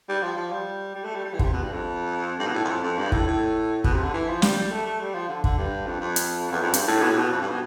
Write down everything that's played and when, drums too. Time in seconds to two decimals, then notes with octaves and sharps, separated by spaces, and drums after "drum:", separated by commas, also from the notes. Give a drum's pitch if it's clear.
0.09 G3
0.23 F3
0.37 F3
0.52 G3
0.95 G3
1.05 A3
1.15 G3
1.25 G3
1.33 E3
1.39 D3, drum: kick
1.44 C3
1.53 B2
1.63 G2
1.72 F2
2.40 G2
2.47 B2
2.54 A2
2.64 E2
2.69 F2
2.83 F2
2.98 G2
3.12 A2, drum: kick
3.27 A2
3.84 B2, drum: kick
3.94 C3
4.04 D3
4.14 E3
4.28 F3
4.42 G3, drum: snare
4.57 G3
4.71 A3
4.86 A3
5.00 G3
5.14 F3
5.29 D3
5.44 D3, drum: kick
5.58 G2
5.87 F2
6.01 F2
6.16 drum: hi-hat
6.52 E2
6.62 F2
6.74 G2, drum: hi-hat
6.88 A2
7.02 B2
7.10 A2
7.17 B2
7.32 F2
7.41 G2
7.51 B2